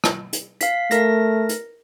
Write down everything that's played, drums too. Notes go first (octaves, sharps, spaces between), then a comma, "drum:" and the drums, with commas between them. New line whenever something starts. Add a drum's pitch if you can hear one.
drum: rim click
drum: hi-hat
F5 B6, drum: hi-hat
A3 A#4 A#6, drum: hi-hat
drum: hi-hat